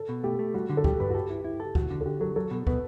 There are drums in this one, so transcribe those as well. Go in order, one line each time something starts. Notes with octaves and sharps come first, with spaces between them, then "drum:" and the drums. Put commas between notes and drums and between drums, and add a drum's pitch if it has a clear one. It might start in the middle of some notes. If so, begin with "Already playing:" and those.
Already playing: A4
B2
A3 G4
A3
G3 F#4
D3
A4
G3 G4, drum: kick
G2 B4
F#4
G4 A4
E4
E4
A4
G4
D2 F#4, drum: kick
D3
A4
D3 G4
F#3 A4
F#3 A4
B2
B2 B4, drum: kick